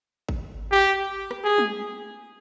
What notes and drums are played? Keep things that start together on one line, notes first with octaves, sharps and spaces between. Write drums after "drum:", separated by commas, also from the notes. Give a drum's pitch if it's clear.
drum: kick G#1
G4
drum: rim click
G#4
drum: tom